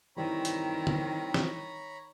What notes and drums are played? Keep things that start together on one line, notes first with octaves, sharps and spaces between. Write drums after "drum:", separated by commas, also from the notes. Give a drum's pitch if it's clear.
D#3 E3 G3 C4 E4 C#5 A#5 B5
drum: hi-hat
drum: tom
drum: snare